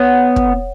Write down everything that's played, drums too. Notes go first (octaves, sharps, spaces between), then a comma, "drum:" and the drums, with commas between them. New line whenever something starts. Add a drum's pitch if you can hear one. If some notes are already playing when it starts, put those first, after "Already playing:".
Already playing: B3 C#5 F#5
drum: kick